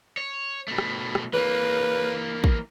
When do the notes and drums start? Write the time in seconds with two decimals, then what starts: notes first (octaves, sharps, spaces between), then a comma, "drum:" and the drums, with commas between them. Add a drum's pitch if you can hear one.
0.17 C#5
0.68 B2 A3
0.78 drum: rim click
1.15 drum: rim click
1.34 E3 A#3 B4
2.44 drum: kick